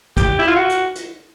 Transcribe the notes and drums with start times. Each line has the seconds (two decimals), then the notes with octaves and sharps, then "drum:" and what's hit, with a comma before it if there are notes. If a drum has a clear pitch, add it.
0.17 G4, drum: kick, hi-hat
0.39 E4
0.48 F4
0.56 F#4
0.69 drum: hi-hat
0.95 drum: hi-hat